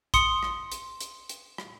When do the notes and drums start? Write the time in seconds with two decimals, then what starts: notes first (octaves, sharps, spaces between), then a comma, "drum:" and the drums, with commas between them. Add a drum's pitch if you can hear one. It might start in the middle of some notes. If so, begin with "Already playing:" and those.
0.14 C6 D#6 C#7, drum: kick A#1, hi-hat
0.43 drum: rim click
0.72 drum: hi-hat
1.01 drum: hi-hat
1.29 drum: hi-hat
1.58 drum: rim click